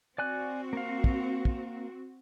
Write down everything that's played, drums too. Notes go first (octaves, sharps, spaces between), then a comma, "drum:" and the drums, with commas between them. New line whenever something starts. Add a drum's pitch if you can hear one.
C4 F#4 D5 G#5 F#6
A#3 F5
drum: kick
drum: kick